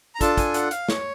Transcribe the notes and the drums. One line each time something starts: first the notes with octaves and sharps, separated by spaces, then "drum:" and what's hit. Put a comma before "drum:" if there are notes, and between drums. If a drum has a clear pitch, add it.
A#5
D4 F4 A4 A5, drum: kick, hi-hat
G#5, drum: kick, hi-hat
F#5, drum: hi-hat
F5, drum: hi-hat
C#5, drum: snare